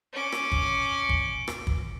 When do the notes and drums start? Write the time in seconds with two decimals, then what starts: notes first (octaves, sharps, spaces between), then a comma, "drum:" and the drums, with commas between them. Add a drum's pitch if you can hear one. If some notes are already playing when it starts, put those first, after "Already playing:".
0.13 C#4 D6
0.32 drum: rim click
0.52 drum: kick
1.09 drum: kick
1.48 drum: rim click
1.67 drum: kick